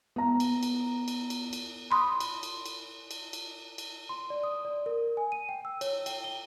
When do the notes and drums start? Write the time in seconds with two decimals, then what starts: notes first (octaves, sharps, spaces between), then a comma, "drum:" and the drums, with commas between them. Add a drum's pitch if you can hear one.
0.16 B3 A#5
0.40 drum: cymbal
0.63 drum: cymbal
1.08 drum: cymbal
1.30 drum: cymbal
1.53 drum: cymbal
1.91 B5 C6 D#6
2.20 drum: cymbal
2.43 drum: cymbal
2.66 drum: cymbal
3.11 drum: cymbal
3.33 drum: cymbal
3.78 drum: cymbal
4.09 C6
4.30 D5
4.43 D#6
4.65 D5
4.86 A#4
5.17 G#5
5.32 D#7
5.49 G5
5.65 E6
5.81 C#5, drum: cymbal
6.06 G5, drum: cymbal
6.24 G7